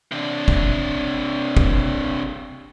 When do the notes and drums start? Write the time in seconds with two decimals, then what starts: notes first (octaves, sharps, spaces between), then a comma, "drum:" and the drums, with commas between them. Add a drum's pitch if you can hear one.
0.12 C3 D4
0.48 drum: kick
1.57 drum: kick